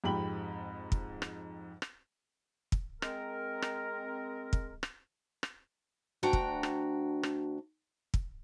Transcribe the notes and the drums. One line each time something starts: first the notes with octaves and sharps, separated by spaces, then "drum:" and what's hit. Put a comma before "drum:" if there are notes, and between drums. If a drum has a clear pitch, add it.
F2 G#2 G4 G5 B5 F#7
drum: kick
drum: rim click
drum: rim click
drum: kick
G#3 C4 A#4, drum: rim click
drum: rim click
drum: kick
drum: rim click
drum: rim click
D2 D4 F#4 G5 A#5
drum: kick
drum: rim click
drum: rim click
drum: kick